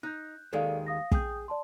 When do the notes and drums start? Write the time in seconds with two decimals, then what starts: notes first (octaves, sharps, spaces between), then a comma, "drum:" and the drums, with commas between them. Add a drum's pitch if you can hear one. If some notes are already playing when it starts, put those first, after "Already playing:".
0.03 D#4 F#6 G6
0.53 D#2 D#3 G#3 A4 D5 F5
0.87 F5 D#6 A#6
1.12 G#4 G5 D#6 G6, drum: kick
1.48 D5 A5 C6